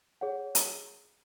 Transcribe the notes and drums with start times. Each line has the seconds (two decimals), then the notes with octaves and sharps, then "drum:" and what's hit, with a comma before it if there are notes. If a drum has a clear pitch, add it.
0.21 G#4 C#5 F#5
0.55 drum: hi-hat